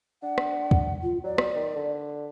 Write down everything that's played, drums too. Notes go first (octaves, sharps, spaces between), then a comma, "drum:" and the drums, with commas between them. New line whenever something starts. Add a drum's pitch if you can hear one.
D4 F#5
drum: rim click
drum: kick
F4
F#3 D5
drum: rim click
D#3
D3